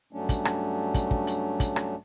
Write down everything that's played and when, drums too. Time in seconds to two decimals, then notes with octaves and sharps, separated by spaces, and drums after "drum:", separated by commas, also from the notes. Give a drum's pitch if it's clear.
0.13 G2 F#3 A3 C#4 D4
0.29 drum: kick, hi-hat
0.45 drum: rim click
0.94 drum: kick, hi-hat
1.11 drum: kick
1.27 drum: hi-hat
1.60 drum: kick, hi-hat
1.76 drum: rim click